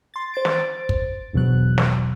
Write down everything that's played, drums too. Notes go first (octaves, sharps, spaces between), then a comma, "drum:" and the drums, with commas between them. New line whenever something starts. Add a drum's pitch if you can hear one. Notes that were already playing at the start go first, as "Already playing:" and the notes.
C6 A6
C5 A6 D7
drum: snare
drum: kick
G1 E2 B2 F#3 F#6
drum: snare